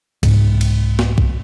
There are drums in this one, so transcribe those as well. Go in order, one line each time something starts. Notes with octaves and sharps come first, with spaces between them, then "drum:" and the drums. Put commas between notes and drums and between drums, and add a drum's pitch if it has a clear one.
C2 G#2, drum: kick, cymbal
drum: cymbal
drum: snare
drum: kick